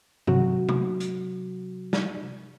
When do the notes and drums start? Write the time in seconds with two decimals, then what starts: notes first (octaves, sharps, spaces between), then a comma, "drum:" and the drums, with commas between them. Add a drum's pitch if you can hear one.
0.27 C3 F#3 F#4, drum: tom G2
0.69 drum: tom
1.00 drum: hi-hat
1.93 drum: snare